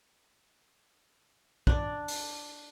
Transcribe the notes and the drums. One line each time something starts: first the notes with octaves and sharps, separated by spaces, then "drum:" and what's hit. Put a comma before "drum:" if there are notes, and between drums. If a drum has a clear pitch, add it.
D4 D5, drum: kick
drum: open hi-hat